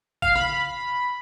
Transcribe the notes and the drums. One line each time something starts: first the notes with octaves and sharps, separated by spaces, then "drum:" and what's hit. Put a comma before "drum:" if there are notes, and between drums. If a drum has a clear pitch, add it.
F5, drum: kick G#1
B5, drum: tom C#3